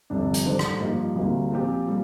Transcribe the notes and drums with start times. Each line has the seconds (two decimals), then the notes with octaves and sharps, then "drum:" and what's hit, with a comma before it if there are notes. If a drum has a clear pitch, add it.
0.10 G1 F2 C3 G3 D4
0.34 drum: hi-hat
0.46 D#3 G3 D4 A4 C5
0.59 drum: rim click
0.80 G2 F3 A#3 D#4 G4
1.16 D2 C3 G3 A#3 D#4
1.51 A#2 F3 C4 G4
1.87 A#2 G3